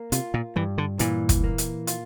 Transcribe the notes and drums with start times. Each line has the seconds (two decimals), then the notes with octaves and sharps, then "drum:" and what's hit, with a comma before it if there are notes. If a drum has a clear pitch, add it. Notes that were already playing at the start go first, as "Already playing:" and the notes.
Already playing: A#3
0.12 C3 F4, drum: hi-hat
0.34 A#2
0.56 G2 E3
0.78 D3
0.99 A#2 E3, drum: hi-hat
1.29 drum: kick, hi-hat
1.44 A#3
1.58 drum: hi-hat
1.87 F4, drum: hi-hat